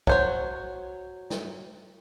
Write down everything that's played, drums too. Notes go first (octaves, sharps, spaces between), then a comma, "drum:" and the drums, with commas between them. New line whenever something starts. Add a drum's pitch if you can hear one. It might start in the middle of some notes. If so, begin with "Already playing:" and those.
F#3 C5 C#5, drum: kick
drum: snare